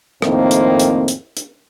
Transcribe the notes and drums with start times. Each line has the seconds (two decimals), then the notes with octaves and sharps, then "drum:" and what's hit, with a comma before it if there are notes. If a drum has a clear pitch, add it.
0.22 F2 A2 D#3 A#3 C4, drum: rim click
0.51 drum: hi-hat
0.79 drum: hi-hat
1.08 drum: hi-hat
1.37 drum: hi-hat